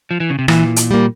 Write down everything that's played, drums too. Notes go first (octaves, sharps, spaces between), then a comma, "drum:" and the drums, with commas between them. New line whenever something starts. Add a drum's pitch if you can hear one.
F3
E3
C#3
C3
A#2 E3, drum: rim click
drum: hi-hat
G3 A#3